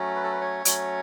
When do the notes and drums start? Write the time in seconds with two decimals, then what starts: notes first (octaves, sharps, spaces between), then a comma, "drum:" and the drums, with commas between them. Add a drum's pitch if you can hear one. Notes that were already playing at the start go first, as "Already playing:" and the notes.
Already playing: F#3 A3 C#4
0.15 B4
0.24 A4
0.31 B4
0.41 C#5
0.65 F#3 A3 C#4, drum: hi-hat